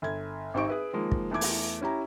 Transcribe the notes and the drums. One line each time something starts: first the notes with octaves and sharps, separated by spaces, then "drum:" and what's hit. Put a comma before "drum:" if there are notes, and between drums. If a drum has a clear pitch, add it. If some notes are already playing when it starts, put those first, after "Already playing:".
G1 G#6
G#1 C4 D#4 G4 C#6 D7
G#4 B4 E5
D#3 F3 G#3 A#3
drum: kick
E2 A3 E4 D6 G#6
drum: open hi-hat
C#4 E4 G4 A#5